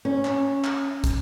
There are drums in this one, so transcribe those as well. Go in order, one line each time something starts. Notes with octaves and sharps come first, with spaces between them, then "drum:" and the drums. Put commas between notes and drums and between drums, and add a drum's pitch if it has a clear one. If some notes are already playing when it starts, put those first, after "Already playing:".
C#4
drum: clap
drum: clap
drum: kick, hi-hat